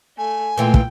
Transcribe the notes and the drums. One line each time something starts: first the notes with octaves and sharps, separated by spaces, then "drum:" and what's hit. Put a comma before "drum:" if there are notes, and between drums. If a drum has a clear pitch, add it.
A3 G#5
A#2 E3 A3 F4 G5
drum: kick